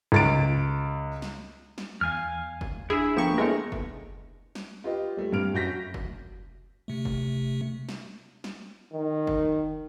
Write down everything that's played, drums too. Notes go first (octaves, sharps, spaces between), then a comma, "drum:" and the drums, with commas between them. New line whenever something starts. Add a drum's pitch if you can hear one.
C#2 A6 D7
drum: snare
drum: snare
E2 F5 G#5 F6
drum: kick
D4 E4 G#4 E5
F3 A#3 B3 A4 G5 A#5 C#6
G#3 A3 B3 E4 G#4 A#4 C#5
drum: kick
drum: snare
F4 G4 B4 D#5
G3 A3
G2 C4 F6 D7 F7
F#2 F#4 G6 A#6 B6
drum: kick
C3 A3
drum: kick
drum: snare
drum: snare
D#3
drum: kick